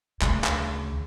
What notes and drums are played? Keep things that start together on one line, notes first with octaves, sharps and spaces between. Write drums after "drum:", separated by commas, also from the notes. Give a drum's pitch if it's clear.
D2 C#3, drum: clap
drum: clap